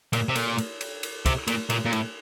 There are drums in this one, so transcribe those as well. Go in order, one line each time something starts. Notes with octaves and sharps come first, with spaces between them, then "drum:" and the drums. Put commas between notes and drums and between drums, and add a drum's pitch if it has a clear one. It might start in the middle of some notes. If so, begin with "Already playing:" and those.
A#2, drum: cymbal
C3
A#2, drum: cymbal
drum: cymbal
drum: cymbal
drum: cymbal
C3, drum: kick, cymbal
A#2, drum: cymbal
A#2, drum: cymbal
A#2
A2, drum: cymbal